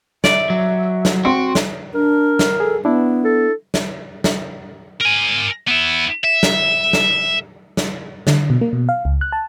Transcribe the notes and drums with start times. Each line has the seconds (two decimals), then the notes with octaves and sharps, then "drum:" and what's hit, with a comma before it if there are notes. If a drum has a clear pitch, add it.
0.24 D5 E5, drum: snare
0.50 F#3
1.05 drum: snare
1.25 C4 F#4 C6 D7
1.55 drum: snare
1.94 D4 A#4
2.39 drum: snare
2.60 G#4 A4
2.85 B3 D4 E4
3.25 A4
3.74 drum: snare
4.24 drum: snare
5.01 A#4 G#5
5.67 B3 E4
6.24 E5
6.43 drum: snare
6.93 drum: snare
7.77 drum: snare
8.27 D3, drum: snare
8.50 B2
8.61 A#3
8.73 B2
8.89 F5
9.05 C#2
9.21 F#6
9.32 A5